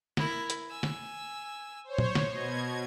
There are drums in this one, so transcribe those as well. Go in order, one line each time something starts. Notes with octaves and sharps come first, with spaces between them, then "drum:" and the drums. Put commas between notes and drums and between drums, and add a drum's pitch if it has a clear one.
E4 A#4, drum: snare
drum: hi-hat
G#5 E6
drum: snare
C5 C#5
drum: tom A#2
drum: snare
B2 D#5 G#6